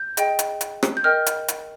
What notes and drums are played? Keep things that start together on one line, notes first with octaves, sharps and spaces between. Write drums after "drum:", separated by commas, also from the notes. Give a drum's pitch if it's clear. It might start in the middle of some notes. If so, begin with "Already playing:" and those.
Already playing: G6
G#4 D#5 G5, drum: hi-hat
drum: hi-hat
drum: hi-hat
drum: rim click
G6
A#4 D#5 G5 F6
drum: hi-hat
drum: hi-hat